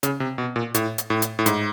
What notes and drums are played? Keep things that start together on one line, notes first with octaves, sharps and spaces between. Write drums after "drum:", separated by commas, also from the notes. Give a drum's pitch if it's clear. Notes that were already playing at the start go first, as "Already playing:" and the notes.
C#3, drum: hi-hat
C3
B2
A#2
A2, drum: hi-hat
drum: hi-hat
A2
drum: hi-hat
A2
G#2, drum: hi-hat